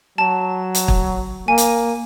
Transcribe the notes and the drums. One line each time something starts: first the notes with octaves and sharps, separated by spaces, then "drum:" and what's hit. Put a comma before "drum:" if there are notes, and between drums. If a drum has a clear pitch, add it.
F#3 A5
drum: hi-hat
drum: kick
A#3 G#5
drum: hi-hat